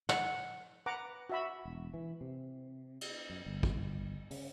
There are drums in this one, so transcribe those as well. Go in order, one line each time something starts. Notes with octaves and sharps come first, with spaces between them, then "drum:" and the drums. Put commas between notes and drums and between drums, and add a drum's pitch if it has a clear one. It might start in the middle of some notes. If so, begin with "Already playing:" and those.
F#5, drum: snare
B4 F#5 A#5 D6
F#4 E5 B5
E1
E3
C3
drum: cymbal
F#2
G1
drum: kick
C#3, drum: open hi-hat